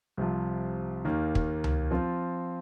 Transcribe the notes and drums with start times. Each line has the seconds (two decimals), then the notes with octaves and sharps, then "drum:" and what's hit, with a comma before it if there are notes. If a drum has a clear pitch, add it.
0.17 C2 C3 F3
1.05 D#2 D#3 A#3
1.35 drum: kick
1.64 drum: tom C#2
1.91 F3 C4 F4